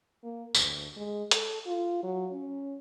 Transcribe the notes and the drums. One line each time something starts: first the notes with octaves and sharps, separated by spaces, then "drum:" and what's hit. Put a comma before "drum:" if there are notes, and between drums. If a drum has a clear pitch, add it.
A#3
D2, drum: tambourine
G#3
A4, drum: hi-hat
F4
F#3
C#4